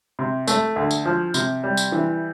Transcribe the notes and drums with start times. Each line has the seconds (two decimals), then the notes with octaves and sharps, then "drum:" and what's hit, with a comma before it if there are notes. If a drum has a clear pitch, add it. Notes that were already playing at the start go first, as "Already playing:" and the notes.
0.19 C3
0.48 A3, drum: tambourine
0.76 D2
0.91 drum: tambourine
1.05 F3
1.34 C3, drum: tambourine
1.64 G3
1.77 drum: tambourine
1.92 E3